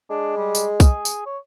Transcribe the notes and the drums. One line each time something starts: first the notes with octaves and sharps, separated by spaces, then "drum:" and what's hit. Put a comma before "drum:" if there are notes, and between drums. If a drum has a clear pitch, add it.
G#3 D4
G3
drum: tambourine
G#4, drum: kick B1, tambourine
drum: tambourine
C#5